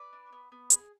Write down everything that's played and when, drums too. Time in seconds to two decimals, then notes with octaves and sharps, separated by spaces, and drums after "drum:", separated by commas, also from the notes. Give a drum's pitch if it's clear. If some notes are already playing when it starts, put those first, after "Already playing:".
Already playing: B4 D5
0.13 D4
0.32 B3
0.52 B3
0.70 G#4, drum: hi-hat